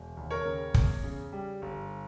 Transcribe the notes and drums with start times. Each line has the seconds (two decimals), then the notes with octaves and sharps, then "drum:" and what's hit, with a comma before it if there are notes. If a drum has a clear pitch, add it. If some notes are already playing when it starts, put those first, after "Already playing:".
Already playing: E1
0.17 D#2
0.31 A#4 C#5
0.46 C#3
0.74 E2, drum: kick
1.04 C#3
1.33 G3
1.62 G1